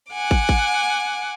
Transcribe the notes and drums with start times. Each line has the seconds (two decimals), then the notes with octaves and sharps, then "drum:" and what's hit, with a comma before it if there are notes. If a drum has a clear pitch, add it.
0.13 F#5 G#5 D6
0.31 drum: kick
0.49 drum: kick